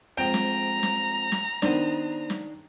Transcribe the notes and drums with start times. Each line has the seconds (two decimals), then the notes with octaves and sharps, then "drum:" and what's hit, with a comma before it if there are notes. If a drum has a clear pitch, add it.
0.17 F2 G#2 G5 A#5
0.34 drum: snare
0.83 drum: snare
1.32 drum: snare
1.62 D#3 B3 D4 A4 C5, drum: snare
2.30 drum: snare